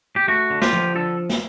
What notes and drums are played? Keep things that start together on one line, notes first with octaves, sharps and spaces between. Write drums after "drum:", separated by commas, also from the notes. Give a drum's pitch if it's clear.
G4
A3 F#4
D3
F4 G4, drum: snare
F3
D3 A4
drum: snare